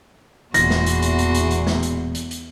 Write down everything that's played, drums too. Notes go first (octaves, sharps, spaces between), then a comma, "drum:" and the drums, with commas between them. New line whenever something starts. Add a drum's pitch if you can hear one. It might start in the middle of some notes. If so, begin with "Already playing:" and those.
E1 E2 A#2 E3 F#4 C6 A#6, drum: hi-hat
drum: snare
drum: hi-hat
drum: hi-hat
drum: hi-hat
drum: hi-hat
drum: hi-hat
drum: snare
drum: hi-hat
drum: hi-hat
drum: hi-hat